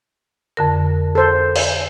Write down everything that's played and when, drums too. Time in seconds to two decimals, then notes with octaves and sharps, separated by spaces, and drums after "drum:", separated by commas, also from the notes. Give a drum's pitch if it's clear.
0.57 F2 D3 A#4
1.15 A4 C5
1.55 drum: cymbal